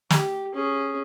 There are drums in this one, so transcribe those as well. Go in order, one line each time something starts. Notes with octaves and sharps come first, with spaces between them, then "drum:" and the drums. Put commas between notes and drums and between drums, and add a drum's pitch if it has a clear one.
G4, drum: snare
C#4 G#4